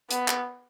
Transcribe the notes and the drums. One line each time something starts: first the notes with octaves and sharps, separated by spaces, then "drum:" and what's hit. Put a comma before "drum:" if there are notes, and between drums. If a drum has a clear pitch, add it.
B3, drum: hi-hat
drum: clap